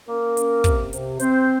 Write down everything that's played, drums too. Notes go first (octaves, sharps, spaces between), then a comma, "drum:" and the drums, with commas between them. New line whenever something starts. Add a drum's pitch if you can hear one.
A#3 C#4 A#4
C#4, drum: hi-hat
C3, drum: kick, hi-hat
C3, drum: hi-hat
C3 C4 C5, drum: hi-hat